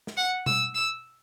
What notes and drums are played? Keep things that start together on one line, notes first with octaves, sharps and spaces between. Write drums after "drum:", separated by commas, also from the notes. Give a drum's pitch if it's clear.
drum: snare
F#5
E6, drum: tom B2
E6